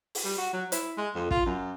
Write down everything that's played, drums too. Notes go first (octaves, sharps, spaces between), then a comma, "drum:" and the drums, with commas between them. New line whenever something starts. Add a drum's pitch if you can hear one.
drum: open hi-hat
G3
F#4
F#3
E4, drum: hi-hat
G#3
F2
F4, drum: kick
F#2